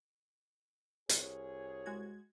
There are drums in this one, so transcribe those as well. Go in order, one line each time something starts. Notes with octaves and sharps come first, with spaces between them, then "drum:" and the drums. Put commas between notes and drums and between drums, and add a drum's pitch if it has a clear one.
C2 G#4 C#5, drum: hi-hat
G#3 F#4 G#6